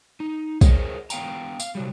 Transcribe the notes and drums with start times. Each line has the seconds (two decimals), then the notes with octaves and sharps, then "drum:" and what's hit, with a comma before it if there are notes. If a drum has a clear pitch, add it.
0.20 D#4
0.61 G#4 A#4 C5 C#5 D#5 F#5, drum: kick, tambourine
1.10 B3 F5 G5 A#5, drum: tambourine
1.60 F5, drum: tambourine
1.75 C3 F#3 G3